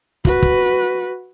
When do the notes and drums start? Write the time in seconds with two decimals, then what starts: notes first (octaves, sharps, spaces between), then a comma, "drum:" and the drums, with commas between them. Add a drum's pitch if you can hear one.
0.25 F#4 B4, drum: kick
0.42 drum: kick